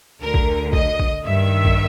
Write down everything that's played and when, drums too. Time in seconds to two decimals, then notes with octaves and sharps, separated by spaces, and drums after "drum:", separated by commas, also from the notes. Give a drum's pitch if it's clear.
0.21 D2 D3 A#4
0.34 drum: kick
0.73 D#5, drum: kick
1.00 drum: kick
1.26 G2 D#3 E5
1.65 drum: kick